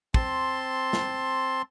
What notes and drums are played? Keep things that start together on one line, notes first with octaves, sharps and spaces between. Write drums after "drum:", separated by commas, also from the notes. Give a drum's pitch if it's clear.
C4 A5 C6, drum: kick
drum: snare